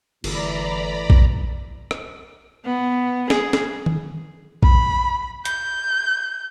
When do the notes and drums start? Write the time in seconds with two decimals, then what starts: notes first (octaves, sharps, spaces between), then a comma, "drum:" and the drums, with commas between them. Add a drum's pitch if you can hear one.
0.24 G1 A2 E3 D5 A#5 B5, drum: cymbal
1.10 drum: kick A#1
1.91 drum: rim click
2.66 B3
3.30 G#4, drum: snare
3.53 drum: snare
3.86 drum: tom D#3
4.63 B5, drum: kick A#1
5.45 G6, drum: hi-hat